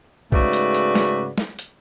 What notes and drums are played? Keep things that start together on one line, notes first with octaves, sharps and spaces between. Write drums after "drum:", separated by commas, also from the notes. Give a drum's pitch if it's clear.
G#2 C#3 A3 F#4 B4 D5, drum: kick B1
drum: hi-hat
drum: hi-hat
drum: snare
drum: snare
drum: hi-hat